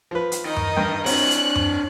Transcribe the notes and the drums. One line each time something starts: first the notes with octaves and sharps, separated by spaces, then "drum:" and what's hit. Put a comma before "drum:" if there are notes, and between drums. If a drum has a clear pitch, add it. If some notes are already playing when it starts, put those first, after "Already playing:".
F3 B4
drum: hi-hat
D#3 D#4 D#5
drum: tom F#2
G2 G5
C4 D4 C#5 F#6, drum: open hi-hat
drum: hi-hat
drum: tom F#2